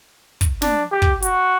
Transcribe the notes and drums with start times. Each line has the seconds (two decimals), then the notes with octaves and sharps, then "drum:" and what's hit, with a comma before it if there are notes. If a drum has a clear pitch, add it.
0.41 drum: kick, hi-hat
0.62 D4, drum: snare
0.92 G4
1.02 drum: kick
1.22 F#4, drum: hi-hat